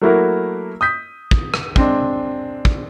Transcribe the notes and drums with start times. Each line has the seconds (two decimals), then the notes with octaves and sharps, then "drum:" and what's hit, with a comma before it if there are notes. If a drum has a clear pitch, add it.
0.01 F#3 A3 A#3 E4 F#4 A#4
0.81 D#6 G6 B6
1.31 drum: kick
1.54 drum: rim click
1.76 G#3 C4 D4, drum: kick
2.65 drum: kick